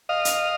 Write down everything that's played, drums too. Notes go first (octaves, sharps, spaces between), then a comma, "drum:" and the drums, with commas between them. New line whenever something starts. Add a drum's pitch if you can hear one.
D#5 F5
drum: hi-hat